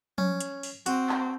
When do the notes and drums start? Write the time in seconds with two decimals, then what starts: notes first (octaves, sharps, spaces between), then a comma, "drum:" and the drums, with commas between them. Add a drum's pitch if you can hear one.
0.18 C#4, drum: tom F3
0.40 drum: hi-hat
0.63 drum: open hi-hat
0.86 C4 F#4, drum: hi-hat
1.09 drum: clap